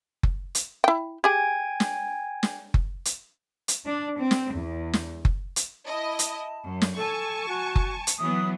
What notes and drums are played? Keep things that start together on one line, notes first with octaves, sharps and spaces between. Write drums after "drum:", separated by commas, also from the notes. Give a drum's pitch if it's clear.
drum: kick F#1
drum: hi-hat
E4 G5
G4 G#4 G5 G#5 G#6
drum: snare
drum: snare
drum: kick F#1
drum: hi-hat
drum: hi-hat
D4
C4
drum: snare
E2
drum: snare
drum: kick F#1
drum: hi-hat
E4 D#5 A5
drum: hi-hat
F#2
drum: snare
A4 G#5 A5 C#6
F#4
drum: kick F#1
drum: hi-hat
E3 F#3 B3 D#6